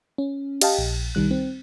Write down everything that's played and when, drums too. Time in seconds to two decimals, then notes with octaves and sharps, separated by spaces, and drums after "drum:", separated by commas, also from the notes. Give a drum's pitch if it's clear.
0.18 C#4
0.61 G4 D#5 F5 G5 A5, drum: cymbal
0.78 A#1
1.15 C2 D#3 G3 F#6
1.31 C4